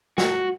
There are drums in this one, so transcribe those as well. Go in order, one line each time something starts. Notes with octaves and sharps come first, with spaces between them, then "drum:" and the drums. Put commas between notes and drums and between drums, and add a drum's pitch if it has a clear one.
F#4, drum: snare